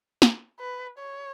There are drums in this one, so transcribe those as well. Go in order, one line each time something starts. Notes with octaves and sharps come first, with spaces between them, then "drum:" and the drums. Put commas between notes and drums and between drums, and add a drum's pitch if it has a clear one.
drum: snare
B4
C#5